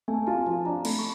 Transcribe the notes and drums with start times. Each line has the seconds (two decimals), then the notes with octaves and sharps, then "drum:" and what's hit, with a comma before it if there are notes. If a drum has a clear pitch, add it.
0.08 A3 G#5
0.27 F4 A5
0.46 F3 A5
0.65 D4 A#5
0.85 A3 B5, drum: cymbal
0.99 C#6